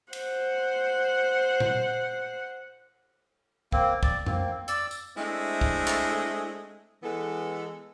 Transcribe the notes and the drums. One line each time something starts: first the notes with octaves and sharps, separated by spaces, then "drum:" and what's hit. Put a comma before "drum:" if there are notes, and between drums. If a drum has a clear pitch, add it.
C5 F#5, drum: cymbal
drum: tom A#2
A#3 C4, drum: kick
D5, drum: kick
A#3 C4, drum: tom F2
D5 E6, drum: hi-hat
drum: tambourine
G#3 A3 C4 D4 E4
drum: kick
drum: clap
E3 G#3 B3 A4